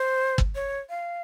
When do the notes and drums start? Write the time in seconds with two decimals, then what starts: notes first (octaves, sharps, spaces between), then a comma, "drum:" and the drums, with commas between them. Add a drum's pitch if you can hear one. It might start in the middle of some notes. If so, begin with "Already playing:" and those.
Already playing: C5
0.38 drum: kick
0.55 C#5
0.89 F5